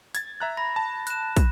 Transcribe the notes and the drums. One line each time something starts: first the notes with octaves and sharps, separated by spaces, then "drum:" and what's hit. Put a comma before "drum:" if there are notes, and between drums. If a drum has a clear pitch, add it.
G#6 A6, drum: hi-hat
E5 A#5 F#6
B5 A#6
A5
F#6 E7, drum: hi-hat
drum: kick, hi-hat